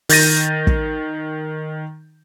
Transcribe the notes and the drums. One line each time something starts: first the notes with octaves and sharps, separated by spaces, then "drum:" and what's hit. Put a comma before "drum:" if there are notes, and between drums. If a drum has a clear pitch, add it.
D#3 G6 A6 A#6 D#7, drum: open hi-hat
drum: kick